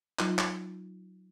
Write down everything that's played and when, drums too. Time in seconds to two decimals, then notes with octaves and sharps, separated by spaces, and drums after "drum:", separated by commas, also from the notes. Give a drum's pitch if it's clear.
0.19 F#3 D#4 F4, drum: clap
0.39 drum: clap